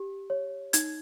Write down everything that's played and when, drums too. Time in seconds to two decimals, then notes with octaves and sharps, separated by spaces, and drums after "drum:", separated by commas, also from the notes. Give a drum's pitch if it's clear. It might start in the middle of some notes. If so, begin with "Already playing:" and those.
Already playing: G4
0.30 C#5
0.73 D#4 G#6, drum: hi-hat